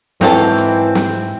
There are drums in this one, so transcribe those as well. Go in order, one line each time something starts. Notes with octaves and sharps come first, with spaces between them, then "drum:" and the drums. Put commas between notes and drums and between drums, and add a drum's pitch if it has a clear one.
G#2 D#3 E3 F#3 C4 A4, drum: snare
drum: hi-hat
drum: snare